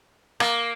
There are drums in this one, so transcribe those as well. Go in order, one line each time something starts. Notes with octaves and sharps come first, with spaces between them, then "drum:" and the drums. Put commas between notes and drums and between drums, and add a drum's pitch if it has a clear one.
A#3, drum: rim click